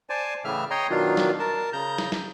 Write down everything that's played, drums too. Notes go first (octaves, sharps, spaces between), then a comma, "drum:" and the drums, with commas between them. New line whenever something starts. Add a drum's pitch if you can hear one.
C5 D5 G#5 A5
A2 C#3 E3 E5 F6
C#5 D#5 G5 A#5 C6
B2 D#3 F#3 D4 F4
drum: snare
A#4 A5
C#3 A#5 G6
drum: snare
drum: snare